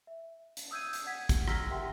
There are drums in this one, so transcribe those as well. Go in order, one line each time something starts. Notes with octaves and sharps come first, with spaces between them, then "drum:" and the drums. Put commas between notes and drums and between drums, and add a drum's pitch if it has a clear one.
E5
drum: hi-hat
D#6 E6 G6 G#6 D#7
drum: hi-hat
F#5 G#6 B6
drum: kick, hi-hat
A#5 E6 F6 A#6 B6, drum: rim click
G4 A#4 E5 F#5 G5 C6